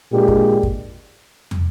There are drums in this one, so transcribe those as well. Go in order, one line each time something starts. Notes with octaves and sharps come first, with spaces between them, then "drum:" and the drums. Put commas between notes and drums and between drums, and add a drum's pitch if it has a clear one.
A#2 G#3 D4 G4
drum: kick
drum: kick
drum: tom